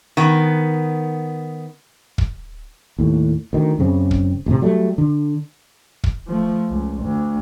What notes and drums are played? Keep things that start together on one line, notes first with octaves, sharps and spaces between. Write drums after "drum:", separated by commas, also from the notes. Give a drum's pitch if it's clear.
D#3 B3
drum: kick
D#2 A2
D2 D#3
F#2 C#3 C4
drum: kick
A1 A2 C3
F#3 G3 A3
D3
drum: kick
F3 A3
C#2
D2